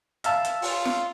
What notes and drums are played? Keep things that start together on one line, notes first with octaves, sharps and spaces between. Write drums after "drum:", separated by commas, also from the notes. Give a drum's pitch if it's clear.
E5 F5 A5, drum: hi-hat
drum: hi-hat
F4, drum: open hi-hat
drum: snare